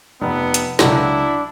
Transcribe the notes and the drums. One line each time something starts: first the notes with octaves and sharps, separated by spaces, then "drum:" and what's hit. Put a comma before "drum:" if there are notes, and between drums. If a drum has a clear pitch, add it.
F1 B3
drum: hi-hat
C#2 F#3 D4 E4, drum: snare